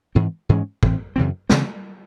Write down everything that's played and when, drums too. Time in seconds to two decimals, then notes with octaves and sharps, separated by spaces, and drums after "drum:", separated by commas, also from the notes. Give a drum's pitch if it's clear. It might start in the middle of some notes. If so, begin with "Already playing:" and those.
0.15 G#2 E3 C4
0.49 G#2 E3 G#3 C#4
0.83 A2 E3 C4, drum: kick
1.16 F#2 C#3 E3 C4
1.50 C#3 E3 C4, drum: snare